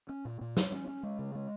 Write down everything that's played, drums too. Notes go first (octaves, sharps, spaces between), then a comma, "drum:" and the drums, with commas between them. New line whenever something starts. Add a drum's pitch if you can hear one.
C#4
A#2
A#2
F#3, drum: snare
C#4
C#4
G#3
C#3
G#3